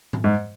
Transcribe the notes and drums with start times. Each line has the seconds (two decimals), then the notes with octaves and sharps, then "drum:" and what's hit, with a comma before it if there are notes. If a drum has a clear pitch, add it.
0.13 drum: tom G#2
0.24 G#2